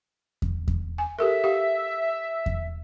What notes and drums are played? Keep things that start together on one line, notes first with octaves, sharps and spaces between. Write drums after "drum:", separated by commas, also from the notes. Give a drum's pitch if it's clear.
drum: kick E2
drum: kick E2
G#5
G4 A4 A#4 E5
G4 F5
drum: kick E2